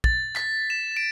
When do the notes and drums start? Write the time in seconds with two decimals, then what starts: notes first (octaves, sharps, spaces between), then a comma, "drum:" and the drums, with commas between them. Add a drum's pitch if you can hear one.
0.04 A6, drum: kick
0.36 B6, drum: clap
0.70 E7
0.97 D7